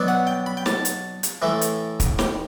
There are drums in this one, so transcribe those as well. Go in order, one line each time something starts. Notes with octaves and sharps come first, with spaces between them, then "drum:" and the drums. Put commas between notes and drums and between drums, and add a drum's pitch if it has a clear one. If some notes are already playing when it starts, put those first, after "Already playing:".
Already playing: B2 F#3 B3 D4
F#5
G5
B5
G5
A5, drum: snare
drum: hi-hat
drum: hi-hat
A2 E3 A3
drum: hi-hat
drum: kick, hi-hat
G5, drum: snare